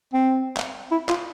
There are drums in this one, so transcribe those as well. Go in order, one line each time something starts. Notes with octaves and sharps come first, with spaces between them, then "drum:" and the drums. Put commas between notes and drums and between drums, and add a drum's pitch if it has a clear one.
C4
drum: clap
E4
F4, drum: clap